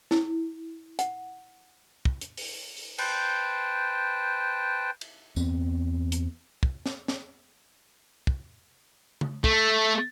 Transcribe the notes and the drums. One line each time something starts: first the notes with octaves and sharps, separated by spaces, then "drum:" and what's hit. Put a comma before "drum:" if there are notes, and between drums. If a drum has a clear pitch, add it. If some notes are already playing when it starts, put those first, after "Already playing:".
E4, drum: snare
F#5, drum: hi-hat
drum: kick
drum: hi-hat
drum: open hi-hat
drum: open hi-hat
B4 C5 G5 A5, drum: cymbal
drum: cymbal
E2 B3 C4, drum: tambourine
drum: hi-hat
drum: kick
drum: snare
drum: snare
drum: kick
drum: tom C#3
A3, drum: kick